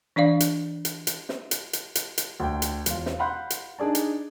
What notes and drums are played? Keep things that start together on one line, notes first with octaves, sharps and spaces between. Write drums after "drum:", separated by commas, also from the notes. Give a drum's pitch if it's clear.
E3 D4 D5 F5
drum: hi-hat
drum: hi-hat
drum: hi-hat
drum: snare
drum: hi-hat
drum: hi-hat
drum: hi-hat
drum: hi-hat
D2 G5
drum: hi-hat
E1 F4, drum: hi-hat
drum: snare
F5 F#5 B5 C6 F#6 G6
drum: hi-hat
D4 D#4 G#4 D5 A5
drum: hi-hat